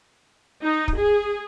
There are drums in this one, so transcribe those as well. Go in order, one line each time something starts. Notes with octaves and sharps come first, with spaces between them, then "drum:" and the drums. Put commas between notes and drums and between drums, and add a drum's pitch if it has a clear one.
D#4
drum: kick
G#4